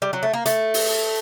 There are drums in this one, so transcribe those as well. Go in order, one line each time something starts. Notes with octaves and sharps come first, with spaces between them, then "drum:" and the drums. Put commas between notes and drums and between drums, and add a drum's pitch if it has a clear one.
G3
F#3
A3
A#3
A3, drum: hi-hat
drum: open hi-hat